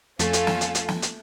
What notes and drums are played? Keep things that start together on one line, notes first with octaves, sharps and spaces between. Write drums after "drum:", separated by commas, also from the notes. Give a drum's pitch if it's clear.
F2 A3 C#4 F4 A4 F5, drum: hi-hat
drum: hi-hat
drum: snare
drum: hi-hat
drum: hi-hat
drum: snare
drum: hi-hat